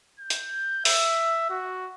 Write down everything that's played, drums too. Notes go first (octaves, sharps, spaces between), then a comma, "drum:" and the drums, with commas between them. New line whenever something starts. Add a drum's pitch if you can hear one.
G6
drum: hi-hat
E5, drum: open hi-hat
F#4